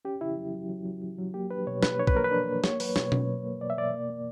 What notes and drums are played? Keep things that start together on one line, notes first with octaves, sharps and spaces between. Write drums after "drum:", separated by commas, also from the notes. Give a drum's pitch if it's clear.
C#4 G4
C#3 E4
F#3
F#3
F#3
F#3
F#3
F#3
A#3 G4
D4 B4
B2 C#5
A#3 B4, drum: snare
D4 C#5
B4, drum: kick
A#3 A#4
B4
D4
A#3
A#3 C#5, drum: snare
F#3 B4, drum: open hi-hat
B2 C#5, drum: snare
F#3, drum: tom B2
F#3
A#3
B2 D5
E5
B2 D5
A#3
A#3